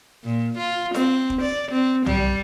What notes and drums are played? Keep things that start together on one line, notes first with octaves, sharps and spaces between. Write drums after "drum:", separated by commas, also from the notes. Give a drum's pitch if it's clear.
A#2
F4
C4, drum: snare F4
drum: kick
D5
C4
G3, drum: tom